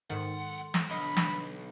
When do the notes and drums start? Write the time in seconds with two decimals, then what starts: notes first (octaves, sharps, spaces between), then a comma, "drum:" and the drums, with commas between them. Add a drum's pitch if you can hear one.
0.10 B1 G#2 D#3 A4 F#5 C6
0.74 drum: snare
0.90 B1 D3 D4 D#5 B5
1.17 drum: snare